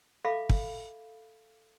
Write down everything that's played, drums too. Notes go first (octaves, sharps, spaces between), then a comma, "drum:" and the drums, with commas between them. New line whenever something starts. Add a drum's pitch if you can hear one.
A4 E5 F5 B5 D6
drum: kick